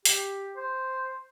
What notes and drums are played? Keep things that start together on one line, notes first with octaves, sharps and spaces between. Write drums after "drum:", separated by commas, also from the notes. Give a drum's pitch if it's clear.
G4, drum: open hi-hat
C5